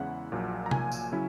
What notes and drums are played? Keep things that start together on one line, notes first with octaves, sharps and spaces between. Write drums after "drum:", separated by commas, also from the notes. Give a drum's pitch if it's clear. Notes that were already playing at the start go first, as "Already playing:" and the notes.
Already playing: E2 C#3 G#3 C#4 E4 F#5
A#1 A#2 F#3
A#5
G#5, drum: tom C3
drum: tambourine
C#3 F#3 C#4 E4